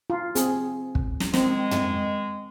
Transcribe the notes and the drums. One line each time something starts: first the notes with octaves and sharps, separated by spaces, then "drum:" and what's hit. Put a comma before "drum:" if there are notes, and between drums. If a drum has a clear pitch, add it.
F4
C4 G#4, drum: hi-hat
drum: kick
drum: snare
D#3 G#3 C4, drum: snare
drum: tom